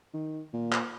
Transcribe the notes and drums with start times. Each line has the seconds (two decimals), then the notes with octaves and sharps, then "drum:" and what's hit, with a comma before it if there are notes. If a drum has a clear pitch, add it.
0.13 D#3
0.53 A#2
0.72 drum: clap